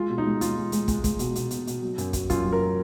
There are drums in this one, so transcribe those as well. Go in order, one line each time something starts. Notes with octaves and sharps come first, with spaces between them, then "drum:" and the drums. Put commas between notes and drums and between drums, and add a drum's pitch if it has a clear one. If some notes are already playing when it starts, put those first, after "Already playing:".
Already playing: G#3 F4
B2
D#4
G#3
G#3 F4, drum: hi-hat
G#3
G#3, drum: hi-hat
G#3, drum: kick, hi-hat
G#3, drum: kick, hi-hat
B2, drum: hi-hat
B2, drum: hi-hat
B2, drum: hi-hat
B2, drum: hi-hat
F#3
F#2, drum: hi-hat
F#2, drum: kick, hi-hat
F#2 F4, drum: kick, hi-hat
F#3
A#4